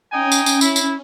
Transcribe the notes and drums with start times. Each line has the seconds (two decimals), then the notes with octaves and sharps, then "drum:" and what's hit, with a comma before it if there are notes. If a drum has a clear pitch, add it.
0.12 C#4 D#4 G5 G#5
0.32 drum: tambourine
0.46 drum: tambourine
0.61 E4, drum: tambourine
0.76 drum: tambourine